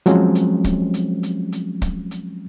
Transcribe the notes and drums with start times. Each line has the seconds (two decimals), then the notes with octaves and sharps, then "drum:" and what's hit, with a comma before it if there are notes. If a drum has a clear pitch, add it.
0.06 F3 F#3 G#3 C4 C#4, drum: hi-hat
0.35 drum: hi-hat
0.64 drum: kick, hi-hat
0.94 drum: hi-hat
1.23 drum: hi-hat
1.52 drum: hi-hat
1.82 drum: kick, hi-hat
2.11 drum: hi-hat